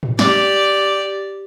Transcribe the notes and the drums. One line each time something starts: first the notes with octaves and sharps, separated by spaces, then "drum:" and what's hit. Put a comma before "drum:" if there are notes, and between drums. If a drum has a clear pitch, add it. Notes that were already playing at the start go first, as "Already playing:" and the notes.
drum: tom G#2
G4 D5, drum: snare